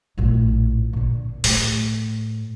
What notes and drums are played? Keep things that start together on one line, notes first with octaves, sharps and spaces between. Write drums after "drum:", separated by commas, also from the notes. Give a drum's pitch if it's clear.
A#1 A2
A#2 D3
A2, drum: open hi-hat